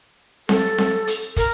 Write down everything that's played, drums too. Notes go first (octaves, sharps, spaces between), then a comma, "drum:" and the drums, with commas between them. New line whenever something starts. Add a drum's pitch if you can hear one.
A4, drum: snare C4
drum: snare C4
drum: hi-hat
A#4, drum: kick, hi-hat